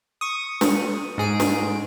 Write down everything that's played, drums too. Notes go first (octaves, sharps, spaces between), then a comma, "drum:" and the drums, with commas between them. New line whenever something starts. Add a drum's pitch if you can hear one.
C#6 D#6
drum: snare
G#2 G#4 D7
drum: snare